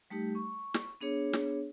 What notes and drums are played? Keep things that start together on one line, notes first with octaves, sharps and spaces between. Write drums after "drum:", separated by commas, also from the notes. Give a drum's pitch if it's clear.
G3 A3 D#4 G4
C#6
drum: snare
B3 D4 G#4 C#5
drum: snare